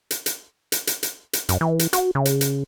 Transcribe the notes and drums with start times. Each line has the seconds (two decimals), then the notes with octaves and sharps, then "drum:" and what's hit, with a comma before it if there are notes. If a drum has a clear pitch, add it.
0.11 drum: hi-hat
0.26 drum: hi-hat
0.72 drum: hi-hat
0.87 drum: hi-hat
1.03 drum: hi-hat
1.33 drum: hi-hat
1.49 F#2, drum: hi-hat
1.61 E3
1.79 drum: hi-hat
1.93 F#4, drum: hi-hat
2.15 C#3
2.25 drum: hi-hat
2.41 drum: hi-hat